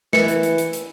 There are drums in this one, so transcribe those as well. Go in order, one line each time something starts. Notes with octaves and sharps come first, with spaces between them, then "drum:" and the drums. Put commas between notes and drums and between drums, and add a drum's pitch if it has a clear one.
E3 C#7, drum: snare
drum: hi-hat
drum: hi-hat
drum: hi-hat
drum: hi-hat